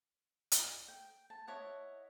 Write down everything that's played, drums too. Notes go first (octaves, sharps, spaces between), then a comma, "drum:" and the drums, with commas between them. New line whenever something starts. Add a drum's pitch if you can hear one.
drum: hi-hat
G5
A5
E4 C#5 D#5 F#5